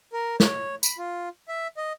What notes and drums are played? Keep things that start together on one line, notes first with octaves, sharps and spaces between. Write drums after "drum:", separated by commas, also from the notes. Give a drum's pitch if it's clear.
A#4
C#5, drum: snare
B5, drum: tambourine
F4
E5
D#5